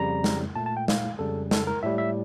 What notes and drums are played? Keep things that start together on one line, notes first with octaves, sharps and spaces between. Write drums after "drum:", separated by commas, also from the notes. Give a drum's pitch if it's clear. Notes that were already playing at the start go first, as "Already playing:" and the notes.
Already playing: F2 C#3 G3 A#5
drum: snare
A#2 A3 A5
A5
G5
F5, drum: snare
F2 C#3 G3 A4
A4, drum: snare
A#4
A2 G3 E5
E5